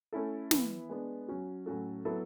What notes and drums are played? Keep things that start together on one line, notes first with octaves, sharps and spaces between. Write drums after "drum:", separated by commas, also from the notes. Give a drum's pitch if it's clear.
A3 C#4 E4 A4
E3 B3 E4, drum: snare
G#3 B3 D4
F#3 C#4 F#4
A2 F#3 C#4 F#4 A4
F#3 B3 E4 A4